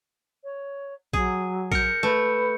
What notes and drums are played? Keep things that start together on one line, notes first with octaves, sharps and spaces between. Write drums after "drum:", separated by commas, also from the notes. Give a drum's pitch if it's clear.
C#5
F#3 G#4, drum: kick A#1
A#4 G6 C#7, drum: kick A#1
A3 B4